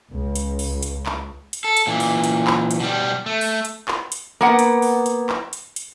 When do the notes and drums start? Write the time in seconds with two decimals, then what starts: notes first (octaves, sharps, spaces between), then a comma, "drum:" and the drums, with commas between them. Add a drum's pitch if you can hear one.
0.12 C#2
0.35 drum: hi-hat
0.59 drum: open hi-hat
0.83 drum: hi-hat
1.06 drum: clap
1.53 drum: hi-hat
1.64 A4
1.77 drum: hi-hat
1.87 A#2 E3
2.00 drum: open hi-hat
2.24 drum: hi-hat
2.47 drum: clap
2.71 drum: hi-hat
2.80 B2 G3
3.26 A3
3.41 drum: open hi-hat
3.65 drum: hi-hat
3.88 drum: clap
4.12 drum: hi-hat
4.41 A#3 B3 F#5
4.59 drum: hi-hat
4.82 drum: open hi-hat
5.06 drum: hi-hat
5.29 drum: clap
5.53 drum: hi-hat
5.76 drum: hi-hat